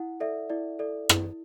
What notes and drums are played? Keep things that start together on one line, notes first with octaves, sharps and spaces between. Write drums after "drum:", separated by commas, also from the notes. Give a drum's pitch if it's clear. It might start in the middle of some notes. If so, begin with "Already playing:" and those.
Already playing: E4 F#5
A4 D5 E5
E4 D5
A4 D5
E4, drum: rim click